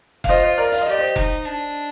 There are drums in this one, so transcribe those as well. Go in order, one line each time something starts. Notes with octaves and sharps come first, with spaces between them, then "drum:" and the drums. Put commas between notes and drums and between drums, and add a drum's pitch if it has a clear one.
F5, drum: kick F1
F4 C5 D#5
C5
A#4 D5
F5, drum: open hi-hat
D#5
G4 D5
C5 D#5
D#4, drum: kick F1
D4